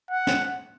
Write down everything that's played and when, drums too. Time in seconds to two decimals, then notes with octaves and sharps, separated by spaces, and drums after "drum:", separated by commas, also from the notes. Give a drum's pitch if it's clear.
0.11 F#5
0.27 drum: snare